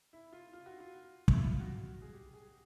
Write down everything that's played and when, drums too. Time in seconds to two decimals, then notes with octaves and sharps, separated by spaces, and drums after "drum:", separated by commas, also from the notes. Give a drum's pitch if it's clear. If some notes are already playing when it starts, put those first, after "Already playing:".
0.13 E4
0.33 F4
0.53 F4
0.66 F#4
0.80 F4
1.28 E4, drum: kick
1.34 F4
1.47 F4
1.60 F#4
2.02 G#4
2.13 G4
2.34 G#4